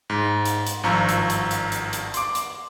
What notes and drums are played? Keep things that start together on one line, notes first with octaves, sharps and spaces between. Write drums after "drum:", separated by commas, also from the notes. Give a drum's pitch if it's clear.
G#2
drum: hi-hat
drum: hi-hat
G#1 G2 F3 A#5 C#6 E6
drum: hi-hat
drum: hi-hat
drum: hi-hat
drum: hi-hat
drum: hi-hat
C6 D6, drum: hi-hat
drum: hi-hat